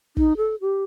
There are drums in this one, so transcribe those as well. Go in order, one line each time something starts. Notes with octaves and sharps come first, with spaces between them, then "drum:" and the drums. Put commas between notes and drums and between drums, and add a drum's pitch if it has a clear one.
D#4, drum: kick
A4
G4